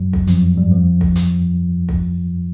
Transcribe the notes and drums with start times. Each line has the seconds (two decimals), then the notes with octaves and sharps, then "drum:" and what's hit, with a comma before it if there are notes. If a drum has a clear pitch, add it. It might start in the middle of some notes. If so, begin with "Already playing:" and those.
Already playing: F#2 F#3
0.13 drum: kick
0.27 F2 F3, drum: hi-hat
0.57 G2 G3
0.72 F2 F3
1.01 drum: kick
1.16 drum: hi-hat
1.89 drum: kick